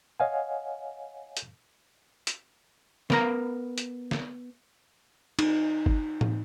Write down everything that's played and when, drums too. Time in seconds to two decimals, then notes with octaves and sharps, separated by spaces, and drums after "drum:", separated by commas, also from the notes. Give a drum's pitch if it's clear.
0.20 C#5 D#5 F5 F#5 G#5
1.37 drum: hi-hat
2.27 drum: hi-hat
3.10 B3 A#4 A#5, drum: snare
3.78 drum: hi-hat
4.11 drum: snare
5.39 D#4, drum: cymbal
5.86 drum: kick
6.21 drum: tom A2